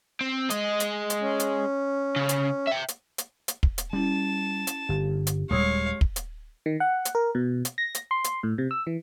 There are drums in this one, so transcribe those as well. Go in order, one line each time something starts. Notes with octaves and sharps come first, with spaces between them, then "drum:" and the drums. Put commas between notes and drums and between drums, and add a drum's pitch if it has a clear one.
C4
G#3 D#5, drum: hi-hat
drum: hi-hat
drum: hi-hat
C#4
drum: hi-hat
C#3
drum: hi-hat
E5 G5
drum: hi-hat
drum: hi-hat
drum: hi-hat
drum: kick
drum: hi-hat
G3 C#4 E4 A5
drum: hi-hat
G1 G4
drum: hi-hat
D#1 G3 G#3 C#5 F5 D#6 E6
drum: kick
drum: hi-hat
D#3
F#5
drum: hi-hat
A#4
B2
drum: hi-hat
A#6
drum: hi-hat
C6
drum: hi-hat
A2
C3
E6
E3